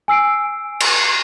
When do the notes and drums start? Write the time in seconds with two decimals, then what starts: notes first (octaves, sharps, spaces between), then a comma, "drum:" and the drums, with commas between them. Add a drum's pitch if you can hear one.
0.08 G#5 E6 C7 D7
0.80 drum: cymbal